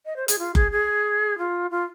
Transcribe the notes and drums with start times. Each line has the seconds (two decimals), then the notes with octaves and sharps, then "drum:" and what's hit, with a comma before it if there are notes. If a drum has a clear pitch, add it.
0.06 D#5
0.16 C5
0.28 G#4, drum: hi-hat
0.39 F4
0.55 G#4, drum: kick F#1
0.72 G#4
1.38 F4
1.71 F4